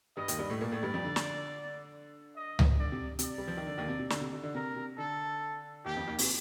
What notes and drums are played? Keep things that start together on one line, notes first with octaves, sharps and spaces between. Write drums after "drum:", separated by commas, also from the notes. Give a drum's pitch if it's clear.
G2 G3 D#5
D#2 D#3, drum: hi-hat
G2 G3
A2 A3
A#2 A#3 D5
A2 A3
G2 G3
F2 F3
D3
drum: snare
D#5
drum: tom C#2
D3 D5
C3
C3 D5, drum: hi-hat
G3
F3
D#3
D3
D#2 D#3
C3
C3
D3, drum: snare
C3
D3
D3
C3 A#4
C3
D3 A4
D#2 D#3 G4
F2 F3
D#2 D#3
C3, drum: open hi-hat